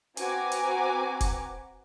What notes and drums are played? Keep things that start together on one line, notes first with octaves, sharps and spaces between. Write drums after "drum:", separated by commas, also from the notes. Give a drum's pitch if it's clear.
C4 F#4 B4 G#5 A#5 D6, drum: hi-hat
drum: hi-hat
drum: kick F1, hi-hat